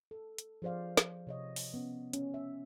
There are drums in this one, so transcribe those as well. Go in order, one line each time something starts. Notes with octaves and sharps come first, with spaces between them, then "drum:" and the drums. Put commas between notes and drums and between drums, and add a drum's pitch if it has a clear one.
A4
drum: hi-hat
F3 G#4 C5 D5 F5
drum: snare
C3 C#5 D#5
drum: open hi-hat
B3 C#4
C#4, drum: hi-hat
E5